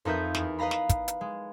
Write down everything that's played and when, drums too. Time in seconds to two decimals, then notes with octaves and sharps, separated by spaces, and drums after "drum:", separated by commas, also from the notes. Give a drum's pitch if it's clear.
0.05 F2 D#4 A#4 B4 E5 G6
0.35 E2, drum: snare
0.59 B4 D#5 F5 A#5 B5
0.71 drum: snare
0.89 drum: kick, hi-hat
1.08 drum: hi-hat
1.21 G#3